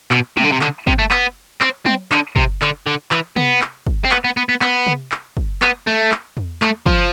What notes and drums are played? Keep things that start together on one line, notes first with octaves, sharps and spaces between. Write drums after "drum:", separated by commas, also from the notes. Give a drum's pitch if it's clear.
B2, drum: clap
C3, drum: tom F#3
D3
C3
D3, drum: clap
C3, drum: kick
A3
B3, drum: clap
C4, drum: clap
C4, drum: tom F#3
D3, drum: clap
C3, drum: kick
D3, drum: clap
D3
E3, drum: clap
B3, drum: tom C3
drum: clap
drum: kick
C4
B3, drum: clap
B3
B3
B3
B3, drum: clap
drum: tom C3
drum: clap
drum: kick
B3, drum: clap
A3
drum: clap
drum: tom E2
A3, drum: clap
F3, drum: kick